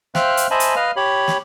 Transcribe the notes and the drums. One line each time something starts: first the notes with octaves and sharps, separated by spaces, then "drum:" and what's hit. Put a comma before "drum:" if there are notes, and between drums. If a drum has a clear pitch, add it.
C5 E5 F5 G5 F6 F#6, drum: snare
drum: hi-hat
C5 D#5 E5 G#5 A5 B5
drum: hi-hat
B4 D#5 F5 F6
G4 C#5 B5
drum: snare